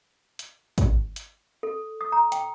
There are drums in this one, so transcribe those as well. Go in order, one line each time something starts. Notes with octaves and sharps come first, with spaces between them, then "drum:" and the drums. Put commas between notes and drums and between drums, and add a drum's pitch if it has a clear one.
drum: hi-hat
drum: kick, hi-hat
drum: hi-hat
A4
D#6
A#5
G5, drum: hi-hat